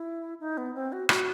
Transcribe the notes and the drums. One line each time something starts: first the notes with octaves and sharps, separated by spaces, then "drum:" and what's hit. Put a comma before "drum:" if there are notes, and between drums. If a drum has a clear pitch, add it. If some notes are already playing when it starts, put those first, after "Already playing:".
Already playing: E4
D#4
B3
C4
F#4
F#4, drum: rim click